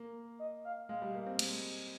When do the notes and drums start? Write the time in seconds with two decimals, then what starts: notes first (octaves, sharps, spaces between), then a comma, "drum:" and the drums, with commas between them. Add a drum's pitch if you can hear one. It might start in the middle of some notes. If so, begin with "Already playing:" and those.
Already playing: A#3
0.39 D#5
0.65 F5
0.89 G#3 F5
1.02 G3
1.14 A#3
1.26 C4
1.39 G#3, drum: cymbal